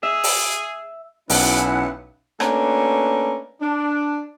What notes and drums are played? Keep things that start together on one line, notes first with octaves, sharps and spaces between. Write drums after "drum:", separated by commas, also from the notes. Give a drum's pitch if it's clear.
G#4 E5
drum: open hi-hat
B1 E3 C#4 E4 F#5 A5 F#6, drum: open hi-hat
A3 A#3 C#4 D4 F#4 B4, drum: rim click
D4